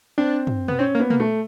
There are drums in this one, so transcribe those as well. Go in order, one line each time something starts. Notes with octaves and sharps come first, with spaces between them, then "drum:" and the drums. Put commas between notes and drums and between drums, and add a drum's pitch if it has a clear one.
C4 D4
drum: tom
B3, drum: tom
C4 C#4
A#3
B3
A#3, drum: tom
A3